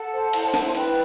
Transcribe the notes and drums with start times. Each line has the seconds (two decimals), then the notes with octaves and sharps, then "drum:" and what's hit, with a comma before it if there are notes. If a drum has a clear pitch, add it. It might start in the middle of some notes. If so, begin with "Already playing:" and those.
Already playing: A4 F#5 A5
0.12 C5
0.33 E4, drum: cymbal
0.54 E4, drum: snare
0.67 C6
0.75 B4 G5 B5, drum: cymbal